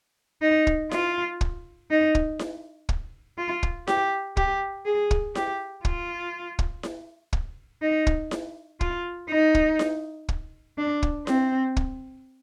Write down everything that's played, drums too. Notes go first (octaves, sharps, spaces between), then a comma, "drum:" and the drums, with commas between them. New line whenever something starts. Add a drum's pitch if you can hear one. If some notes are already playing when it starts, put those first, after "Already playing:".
D#4
drum: kick
F4, drum: snare E4
drum: kick
D#4
drum: kick
drum: snare E4
drum: kick
F4
drum: kick
G4, drum: snare E4
G4, drum: kick
G#4
drum: kick
G4, drum: snare E4
F4, drum: kick
drum: kick
drum: snare E4
drum: kick
D#4
drum: kick
drum: snare E4
F4, drum: kick
D#4
drum: kick
drum: snare E4
drum: kick
D4
drum: kick
C4, drum: snare E4
drum: kick